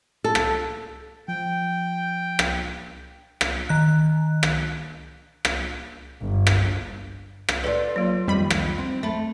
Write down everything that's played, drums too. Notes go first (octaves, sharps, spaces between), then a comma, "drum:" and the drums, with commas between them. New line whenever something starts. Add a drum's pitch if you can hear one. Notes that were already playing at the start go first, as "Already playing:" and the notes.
A4
drum: rim click
F3 G5
drum: rim click
drum: rim click
D#3 F#6
drum: rim click
drum: rim click
G1
drum: rim click
drum: rim click
F4 A4 B4 D5
F#3 A#3
F2 D#3 G3 D#5 B5
drum: rim click
C4
A3 E5 B5 A6